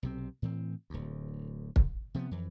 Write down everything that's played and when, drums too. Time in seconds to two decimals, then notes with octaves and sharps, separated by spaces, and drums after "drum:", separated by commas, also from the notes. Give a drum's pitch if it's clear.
0.03 B1 C3 C4
0.42 A2 E3 C4
0.90 D1 D2
1.76 drum: kick
2.14 C3 F3 G#3 B3
2.31 F2 E3